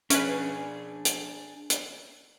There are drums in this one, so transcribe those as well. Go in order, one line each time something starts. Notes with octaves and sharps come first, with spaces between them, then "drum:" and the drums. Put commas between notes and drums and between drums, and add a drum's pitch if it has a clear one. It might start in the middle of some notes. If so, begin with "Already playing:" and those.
C#4 D4 G#4 B4, drum: hi-hat
drum: hi-hat
drum: hi-hat